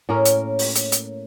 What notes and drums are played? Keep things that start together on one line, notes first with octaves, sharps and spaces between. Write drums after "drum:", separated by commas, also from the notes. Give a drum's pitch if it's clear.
A2 A#3 C#4 A#4
drum: hi-hat
drum: open hi-hat
drum: hi-hat
drum: hi-hat